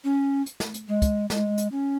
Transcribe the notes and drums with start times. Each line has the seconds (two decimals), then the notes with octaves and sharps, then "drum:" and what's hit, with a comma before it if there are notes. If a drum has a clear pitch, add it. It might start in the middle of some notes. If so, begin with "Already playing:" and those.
0.04 C#4
0.46 drum: hi-hat
0.60 drum: snare
0.74 drum: hi-hat
0.88 G#3
1.02 drum: kick, hi-hat
1.30 G#3, drum: snare
1.58 drum: hi-hat
1.72 C#4